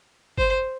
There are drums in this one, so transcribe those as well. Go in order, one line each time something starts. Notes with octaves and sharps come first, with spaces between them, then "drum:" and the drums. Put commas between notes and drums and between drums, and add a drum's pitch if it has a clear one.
C5, drum: kick G1